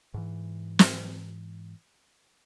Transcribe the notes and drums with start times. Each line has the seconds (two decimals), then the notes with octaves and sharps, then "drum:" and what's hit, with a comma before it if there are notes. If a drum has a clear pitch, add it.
0.14 G#2 E3
0.79 drum: snare